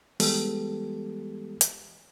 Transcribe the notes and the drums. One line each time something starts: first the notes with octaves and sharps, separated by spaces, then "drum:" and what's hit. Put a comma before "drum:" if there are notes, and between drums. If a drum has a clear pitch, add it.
E3 G3 G#3 B3 G4 A4, drum: open hi-hat
drum: hi-hat